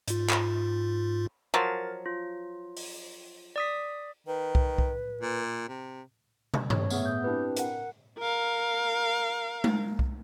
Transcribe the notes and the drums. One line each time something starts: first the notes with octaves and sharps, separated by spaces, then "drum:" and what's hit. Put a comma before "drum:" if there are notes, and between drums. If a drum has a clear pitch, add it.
G#2 F4, drum: hi-hat
drum: clap
F3 F#3 A#4 A6
F4
drum: open hi-hat
D5 D#6 B6
D#3 B4
drum: kick C2
drum: kick C2
A#2
C3
drum: tom
C#5, drum: tom G2
A3 B3 G#4 E5 F#5, drum: tambourine
D#6 G6
C4 D4 E4 G4 B4
A#4 F#5, drum: hi-hat
A#4 F5
drum: tom G#3
drum: kick C2